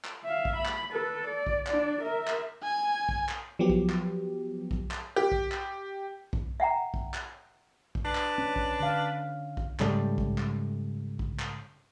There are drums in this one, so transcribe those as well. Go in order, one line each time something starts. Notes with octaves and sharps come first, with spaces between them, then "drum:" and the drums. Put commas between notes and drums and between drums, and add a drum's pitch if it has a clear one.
drum: clap
E5 F5
drum: kick B1
B5
drum: clap
A4 B4
D5
drum: kick B1
D4 D5, drum: clap
A#4 E5
drum: clap
G#5
drum: kick B1
drum: clap
F3 F#3 B3 G4
drum: kick B1
drum: clap
drum: kick B1
drum: clap
G4
drum: kick B1
drum: clap
drum: kick B1
E5 F#5 G5 A#5
drum: kick B1
drum: clap
drum: kick B1
D4 B4
drum: clap
C#4
drum: kick B1
D3 F5
drum: kick B1
G#2 C#3 G3 A3, drum: clap
drum: kick B1
drum: clap
drum: kick B1
drum: clap